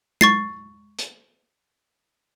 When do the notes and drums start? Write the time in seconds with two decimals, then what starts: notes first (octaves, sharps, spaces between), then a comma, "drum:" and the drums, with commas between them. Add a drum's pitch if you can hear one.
0.21 C#6 A6 C7, drum: tom G#3
0.99 drum: hi-hat